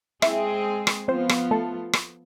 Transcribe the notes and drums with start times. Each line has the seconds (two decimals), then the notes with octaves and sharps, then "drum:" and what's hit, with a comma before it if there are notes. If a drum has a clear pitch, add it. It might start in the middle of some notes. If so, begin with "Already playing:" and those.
0.22 G#3 C4 E4 G#4 E5, drum: rim click
0.87 drum: rim click
1.08 F3 B3 C4 F4 C5
1.29 drum: rim click
1.51 A3 A4
1.93 drum: rim click